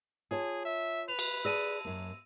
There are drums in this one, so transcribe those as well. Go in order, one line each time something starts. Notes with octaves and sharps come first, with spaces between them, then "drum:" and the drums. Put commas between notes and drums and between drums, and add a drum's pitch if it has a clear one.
F4 G#4 C#5 A5
E5
B4 F7
drum: cymbal
G#4 D5 A5 E6 A#6 D#7
F#2 A#3